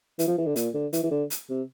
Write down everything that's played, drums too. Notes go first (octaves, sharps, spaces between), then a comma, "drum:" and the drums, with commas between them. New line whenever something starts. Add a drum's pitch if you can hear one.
E3, drum: hi-hat
F3
E3
D3
A#2, drum: hi-hat
D3
E3, drum: hi-hat
E3
D3
drum: hi-hat
C3